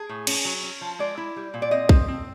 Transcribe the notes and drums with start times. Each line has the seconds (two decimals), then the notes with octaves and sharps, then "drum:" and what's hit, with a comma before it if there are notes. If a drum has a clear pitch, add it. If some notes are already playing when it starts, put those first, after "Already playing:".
Already playing: G#4
0.09 A2
0.27 C#4, drum: cymbal
0.45 F#3
0.63 C#4
0.81 F3
0.99 G#3 D5
1.17 E4
1.36 G3
1.54 A#2
1.62 D5
1.71 C4 D#5
1.89 C4, drum: kick
2.08 C4